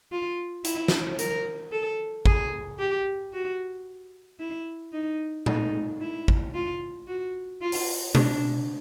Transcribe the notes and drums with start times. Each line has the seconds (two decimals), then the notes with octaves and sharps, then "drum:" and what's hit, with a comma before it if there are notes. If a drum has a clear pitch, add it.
0.12 F4
0.64 E4, drum: hi-hat
0.88 drum: snare
1.19 A#4, drum: hi-hat
1.72 A4
2.26 G#4, drum: kick G#1
2.79 G4
3.33 F#4
4.39 E4
4.93 D#4
5.46 D#4, drum: tom A#2
6.01 E4
6.28 drum: kick G#1
6.54 F4
7.07 F#4
7.61 F4
7.72 drum: open hi-hat
8.15 D4, drum: tom B2